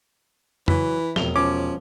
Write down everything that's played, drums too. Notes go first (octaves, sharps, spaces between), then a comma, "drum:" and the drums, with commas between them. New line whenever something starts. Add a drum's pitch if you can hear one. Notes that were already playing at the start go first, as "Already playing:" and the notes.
E3 F#3 B6, drum: tom
E1 F2 F7 G7, drum: snare
F3 C#4 D6